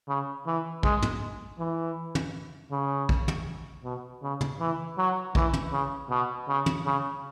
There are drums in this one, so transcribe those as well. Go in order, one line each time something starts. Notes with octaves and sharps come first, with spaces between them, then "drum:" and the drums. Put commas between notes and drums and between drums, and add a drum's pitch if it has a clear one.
C#3
E3
G#3, drum: kick
drum: tom
E3
drum: tom
C#3
drum: kick
drum: tom
B2
C#3
drum: tom
E3
F#3
E3, drum: kick
drum: tom
C#3
B2
C#3
drum: tom
C#3